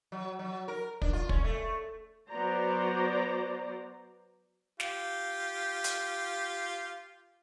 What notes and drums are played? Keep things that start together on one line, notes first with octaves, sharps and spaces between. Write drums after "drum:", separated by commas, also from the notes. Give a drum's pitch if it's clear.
F#3
F#3
A#4
D4, drum: kick
F4
C#4, drum: kick
A3
F#3 B3 F#4 C5 D5 A#5
F4 G4, drum: snare
drum: hi-hat